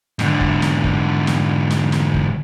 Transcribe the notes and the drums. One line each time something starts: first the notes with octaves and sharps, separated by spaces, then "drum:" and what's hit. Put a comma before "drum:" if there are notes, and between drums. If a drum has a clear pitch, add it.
G#2 D3, drum: snare
drum: kick
drum: snare
drum: kick
drum: snare
drum: snare
drum: snare
drum: kick